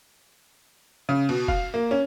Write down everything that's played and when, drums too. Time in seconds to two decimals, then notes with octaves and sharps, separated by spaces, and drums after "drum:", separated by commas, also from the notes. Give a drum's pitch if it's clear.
1.09 C#3
1.29 B2, drum: cymbal
1.48 F5, drum: kick
1.74 A#3
1.91 C#4